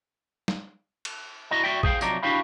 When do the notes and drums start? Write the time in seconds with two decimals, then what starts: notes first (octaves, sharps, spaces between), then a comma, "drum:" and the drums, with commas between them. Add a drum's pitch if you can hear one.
0.48 drum: snare
1.05 drum: cymbal
1.51 E4 F#4 D5 D#5 A#5
1.64 F#4 D5 E5 G5
1.83 G#4 C5 F5 G5, drum: kick A#1
2.01 C3 F3 F#3 D#4 D5 A#5, drum: tambourine
2.23 D4 E4 F#4 G4 F5 B5